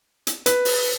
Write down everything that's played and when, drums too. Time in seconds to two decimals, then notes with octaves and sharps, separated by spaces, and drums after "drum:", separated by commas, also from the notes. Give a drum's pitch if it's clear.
0.27 drum: hi-hat
0.46 B4, drum: hi-hat
0.65 drum: open hi-hat